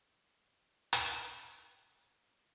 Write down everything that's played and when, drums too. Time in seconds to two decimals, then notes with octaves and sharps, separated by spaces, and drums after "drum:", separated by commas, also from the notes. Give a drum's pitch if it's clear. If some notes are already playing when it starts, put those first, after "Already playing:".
Already playing: E3
0.46 D#3
0.93 drum: hi-hat